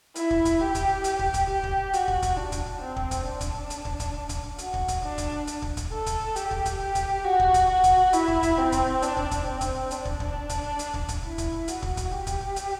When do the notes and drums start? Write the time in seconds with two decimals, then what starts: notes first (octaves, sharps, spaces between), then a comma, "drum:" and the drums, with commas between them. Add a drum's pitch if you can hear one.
0.16 E4, drum: hi-hat
0.31 drum: kick
0.45 drum: kick, hi-hat
0.61 G4
0.75 drum: kick, hi-hat
1.04 G4, drum: hi-hat
1.19 drum: kick
1.34 drum: kick, hi-hat
1.49 G4
1.64 drum: kick
1.94 F#4, drum: hi-hat
2.08 drum: kick
2.23 drum: kick, hi-hat
2.37 D4
2.52 drum: kick, hi-hat
2.81 C4
2.96 drum: kick
3.11 drum: kick, hi-hat
3.26 D4
3.41 drum: kick, hi-hat
3.70 drum: hi-hat
3.85 drum: kick
4.00 drum: kick, hi-hat
4.29 drum: kick, hi-hat
4.59 F#4, drum: hi-hat
4.74 drum: kick
4.88 drum: kick, hi-hat
5.03 D4
5.18 drum: kick, hi-hat
5.47 drum: hi-hat
5.62 drum: kick
5.77 drum: kick, hi-hat
5.92 A4
6.07 drum: kick, hi-hat
6.36 G4, drum: hi-hat
6.51 drum: kick
6.66 drum: kick, hi-hat
6.80 G4
6.95 drum: kick, hi-hat
7.25 F#4
7.39 drum: kick
7.54 drum: kick, hi-hat
7.69 F#4
7.84 drum: kick, hi-hat
8.13 E4, drum: hi-hat
8.28 drum: kick
8.43 drum: kick, hi-hat
8.58 C4
8.72 drum: kick, hi-hat
9.02 D4, drum: hi-hat
9.17 drum: kick
9.31 drum: kick, hi-hat
9.46 C4
9.61 drum: kick, hi-hat
9.91 D4, drum: hi-hat
10.05 drum: kick
10.20 drum: kick
10.50 drum: kick, hi-hat
10.79 drum: hi-hat
10.94 drum: kick
11.09 drum: kick, hi-hat
11.23 E4
11.38 drum: kick, hi-hat
11.68 F#4, drum: hi-hat
11.83 drum: kick
11.97 drum: kick, hi-hat
12.12 G4
12.27 drum: kick, hi-hat
12.56 drum: hi-hat